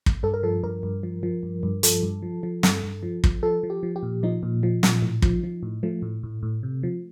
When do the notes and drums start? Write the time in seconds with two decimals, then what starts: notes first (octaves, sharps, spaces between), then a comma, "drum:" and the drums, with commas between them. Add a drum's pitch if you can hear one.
0.06 drum: kick
0.23 G2 A4
0.34 A#4
0.43 F3 A4
0.63 G2 A#4
0.83 G2
1.03 F3
1.23 F3
1.43 G2
1.63 G2
1.83 F3 A4, drum: hi-hat
2.03 G2
2.22 F3
2.43 F3
2.63 G2, drum: snare
2.83 G2
3.03 F3
3.24 F3, drum: kick
3.43 F3 A4
3.63 F3
3.70 G4
3.83 F3
3.96 G4
4.03 A#2
4.23 F3 D#4
4.43 A#2
4.63 F3
4.83 A#2, drum: snare
5.02 A2
5.22 F3, drum: kick
5.44 F3
5.63 A2
5.83 F3 A3
6.02 A2
6.23 A2
6.43 A2
6.63 C3
6.83 F3